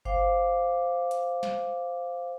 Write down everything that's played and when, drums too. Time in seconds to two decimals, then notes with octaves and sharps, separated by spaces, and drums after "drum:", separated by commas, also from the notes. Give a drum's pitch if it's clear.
0.05 C5 F5 G5 D6, drum: kick G1
1.11 drum: hi-hat
1.43 drum: snare